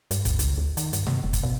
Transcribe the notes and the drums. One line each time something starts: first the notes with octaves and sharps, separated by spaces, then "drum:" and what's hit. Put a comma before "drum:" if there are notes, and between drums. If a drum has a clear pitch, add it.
G2, drum: hi-hat
D2, drum: kick G1, hi-hat
C#2, drum: hi-hat
D2
D#3, drum: hi-hat
G2, drum: hi-hat
C3, drum: snare
F1
drum: kick G1, hi-hat
B2